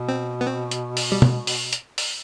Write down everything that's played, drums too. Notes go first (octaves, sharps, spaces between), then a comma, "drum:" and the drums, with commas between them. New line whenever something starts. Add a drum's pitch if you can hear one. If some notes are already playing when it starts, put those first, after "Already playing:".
Already playing: B2
C4
B3
C4
drum: hi-hat
drum: open hi-hat
G3
drum: tom B2
drum: open hi-hat
drum: hi-hat
drum: open hi-hat